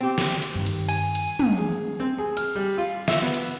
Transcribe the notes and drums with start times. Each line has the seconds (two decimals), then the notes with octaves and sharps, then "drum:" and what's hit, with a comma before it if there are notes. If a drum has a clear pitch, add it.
0.01 C4 G4
0.18 drum: snare
0.42 drum: cymbal
0.55 G2 D#3
0.66 drum: cymbal
0.89 G#5, drum: cymbal
1.15 drum: cymbal
1.39 drum: tom
1.58 G#4
2.00 C4
2.18 G#4
2.37 F6, drum: cymbal
2.55 G3
2.78 F4
3.08 E5, drum: snare
3.22 B3
3.34 drum: cymbal